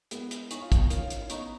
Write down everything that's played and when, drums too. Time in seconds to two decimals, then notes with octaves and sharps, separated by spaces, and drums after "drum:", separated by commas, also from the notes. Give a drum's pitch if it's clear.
0.11 G#3 B3 A#4, drum: hi-hat
0.31 drum: hi-hat
0.51 D#4 C#5 G#5 C#6, drum: hi-hat
0.62 F4
0.72 B3 D#4, drum: kick, hi-hat
0.90 C#4 F4 A#4, drum: hi-hat
1.10 drum: hi-hat
1.22 C#4
1.30 B3 D#4 D#5 A#5 C#6, drum: hi-hat